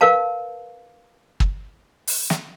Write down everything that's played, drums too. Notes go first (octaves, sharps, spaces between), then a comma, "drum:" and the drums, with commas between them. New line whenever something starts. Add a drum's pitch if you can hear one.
A#4 B4 F5 A5
drum: kick
drum: open hi-hat
drum: snare